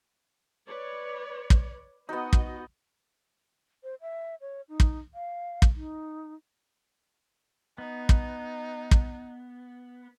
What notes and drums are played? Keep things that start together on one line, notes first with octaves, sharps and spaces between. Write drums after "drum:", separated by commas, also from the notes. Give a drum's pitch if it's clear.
B4 C#5 D5
drum: kick
B3 D#4 F#4 D#5
drum: kick
C5
E5
C#5
D#4
drum: kick
F5
drum: kick
D#4
B3 D#4
drum: kick
drum: kick